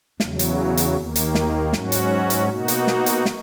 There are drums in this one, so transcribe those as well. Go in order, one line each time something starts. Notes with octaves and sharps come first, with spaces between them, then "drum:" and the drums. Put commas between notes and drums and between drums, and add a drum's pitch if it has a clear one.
E2 C#3 F#3, drum: snare
drum: hi-hat
drum: hi-hat
D#2 D#3 A#3
drum: hi-hat
drum: snare
G#2 F#3 C#4 F#4, drum: snare
drum: hi-hat
drum: hi-hat
B2 A#3 D#4 F#4
drum: hi-hat
drum: snare
drum: hi-hat
drum: snare